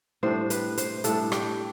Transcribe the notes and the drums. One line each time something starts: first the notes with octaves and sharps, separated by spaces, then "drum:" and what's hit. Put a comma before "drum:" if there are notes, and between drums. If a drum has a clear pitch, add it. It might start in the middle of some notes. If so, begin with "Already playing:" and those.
A2 G3 D4 C5
B4, drum: hi-hat
C5, drum: hi-hat
A2 G3 D4 A4, drum: hi-hat
G4, drum: rim click